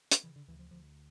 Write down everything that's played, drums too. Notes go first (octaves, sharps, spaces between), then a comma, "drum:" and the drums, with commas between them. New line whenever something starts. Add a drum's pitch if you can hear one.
drum: hi-hat
C#3 E3
D3
D2 E3
F3
D2 F3